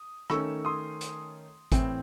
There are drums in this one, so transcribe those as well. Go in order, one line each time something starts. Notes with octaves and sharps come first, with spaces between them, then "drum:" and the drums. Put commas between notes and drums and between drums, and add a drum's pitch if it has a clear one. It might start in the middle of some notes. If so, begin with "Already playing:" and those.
Already playing: D#6
D#3 A3 C#4 C#6 E6, drum: rim click
C6 D#6
drum: hi-hat
A2 E3 C4, drum: kick G#1, hi-hat